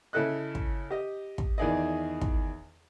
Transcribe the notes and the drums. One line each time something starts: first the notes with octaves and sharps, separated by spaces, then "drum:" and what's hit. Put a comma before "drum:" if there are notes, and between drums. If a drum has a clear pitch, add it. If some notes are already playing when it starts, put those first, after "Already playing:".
C#3 E4 A4 D#5 F#6
drum: kick
G4 D#5
drum: kick
E2 D#3 D#4 G#4 D5 D#5
drum: kick